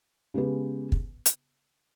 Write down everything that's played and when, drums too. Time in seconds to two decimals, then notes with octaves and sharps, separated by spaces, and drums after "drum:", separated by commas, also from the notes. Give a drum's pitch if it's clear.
0.34 C#3 G#3 B3 G4 B4
0.92 drum: kick
1.26 drum: hi-hat